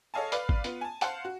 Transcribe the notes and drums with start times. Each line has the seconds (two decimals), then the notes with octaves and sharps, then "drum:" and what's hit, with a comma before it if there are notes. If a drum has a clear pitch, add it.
0.14 A4 C#5 D#5 F5 G#5 A5
0.32 B4 D5 F5 B5, drum: hi-hat
0.49 drum: kick G#1
0.64 B3 F4 B4, drum: hi-hat
0.81 G#5 A5
1.01 C5 F5 F#5 A5, drum: hi-hat
1.25 F#4